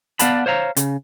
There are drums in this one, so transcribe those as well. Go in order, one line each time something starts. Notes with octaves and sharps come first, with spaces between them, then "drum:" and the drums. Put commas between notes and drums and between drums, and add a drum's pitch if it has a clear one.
B3 D5 F5 F#5 A5 B5, drum: hi-hat
C5 C#5 F5 A#5
C#3, drum: hi-hat